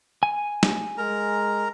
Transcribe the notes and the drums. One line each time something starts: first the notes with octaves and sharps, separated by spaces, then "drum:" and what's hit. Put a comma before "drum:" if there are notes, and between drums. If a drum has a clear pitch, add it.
G#5
drum: snare
G#3 A#4 A#5